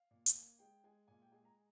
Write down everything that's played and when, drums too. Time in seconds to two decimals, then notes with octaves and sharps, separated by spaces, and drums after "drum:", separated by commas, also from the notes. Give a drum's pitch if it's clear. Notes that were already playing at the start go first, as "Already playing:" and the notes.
Already playing: F5
0.11 A#2
0.26 drum: hi-hat
0.35 A#3
0.59 G#3 G5
0.84 G#3 G#5
1.08 A#2 G#5
1.22 G5
1.32 G#3 G#5
1.45 A#5